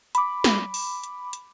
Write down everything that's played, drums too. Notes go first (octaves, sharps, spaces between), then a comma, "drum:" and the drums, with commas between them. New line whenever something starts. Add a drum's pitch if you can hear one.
B5 D6, drum: hi-hat
drum: snare
drum: open hi-hat
drum: hi-hat
drum: hi-hat